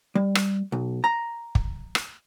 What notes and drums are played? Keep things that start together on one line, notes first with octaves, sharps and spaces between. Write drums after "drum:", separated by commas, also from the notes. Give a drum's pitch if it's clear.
G3
drum: rim click
B1
A#5
drum: kick
drum: rim click